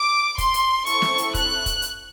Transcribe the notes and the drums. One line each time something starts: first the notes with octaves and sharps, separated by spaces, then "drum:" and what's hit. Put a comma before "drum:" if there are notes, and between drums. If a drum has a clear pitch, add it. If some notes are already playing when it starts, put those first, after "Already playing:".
Already playing: D6
C6, drum: kick, hi-hat
drum: hi-hat
C4 E4 A4 C#6, drum: hi-hat
drum: snare
drum: hi-hat
F#6, drum: kick, hi-hat
drum: kick, hi-hat
drum: hi-hat